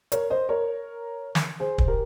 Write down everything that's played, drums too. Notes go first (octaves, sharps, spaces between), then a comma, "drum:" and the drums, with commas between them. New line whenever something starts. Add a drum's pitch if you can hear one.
A#4 C#5, drum: hi-hat
C5 D#5
A#4 C#5
drum: snare
G#4 C5
C5, drum: kick
G4 A#4